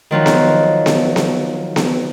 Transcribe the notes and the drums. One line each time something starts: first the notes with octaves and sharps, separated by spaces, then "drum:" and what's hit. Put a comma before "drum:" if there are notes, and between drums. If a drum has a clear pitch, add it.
D#3 F3 F#3 D#4
drum: snare B3
drum: snare B3
drum: snare B3
drum: snare B3